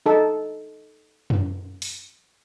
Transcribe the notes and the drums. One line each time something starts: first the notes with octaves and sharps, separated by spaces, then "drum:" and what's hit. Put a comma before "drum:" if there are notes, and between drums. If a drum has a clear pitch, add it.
D#4 A4
drum: tom F#2
drum: open hi-hat